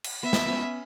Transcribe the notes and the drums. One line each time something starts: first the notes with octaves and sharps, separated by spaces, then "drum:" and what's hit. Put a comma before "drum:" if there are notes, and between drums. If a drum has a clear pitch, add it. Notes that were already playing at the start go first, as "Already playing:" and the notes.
drum: cymbal
B3 E5
drum: snare
B3 C#4